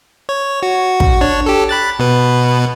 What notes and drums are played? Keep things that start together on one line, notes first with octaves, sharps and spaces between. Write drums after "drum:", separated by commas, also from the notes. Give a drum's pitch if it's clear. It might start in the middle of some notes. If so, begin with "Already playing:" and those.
C#5
F#4
drum: kick
D4 C#5
G4 A4
B5 F#6 A6
B2 B4